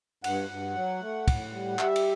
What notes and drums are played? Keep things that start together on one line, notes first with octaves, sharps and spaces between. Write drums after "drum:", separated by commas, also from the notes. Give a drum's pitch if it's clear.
G2 F#5, drum: cymbal
G2
F#3
A3
A2, drum: kick, cymbal
G3
G3 E5, drum: clap
drum: cymbal